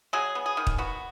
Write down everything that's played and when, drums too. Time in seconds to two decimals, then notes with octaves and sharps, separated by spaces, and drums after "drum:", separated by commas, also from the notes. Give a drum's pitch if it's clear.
0.13 F#3 G#4
0.35 B3
0.46 G#4
0.57 D#3
0.67 drum: kick
0.78 B3 F#4